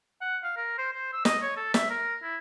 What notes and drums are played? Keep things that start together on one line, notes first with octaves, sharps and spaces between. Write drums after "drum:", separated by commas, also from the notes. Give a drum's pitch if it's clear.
F#5
F5
A#4
C5
C5
E6
D#5, drum: snare
C#5
A4
E5, drum: snare
A#4
E4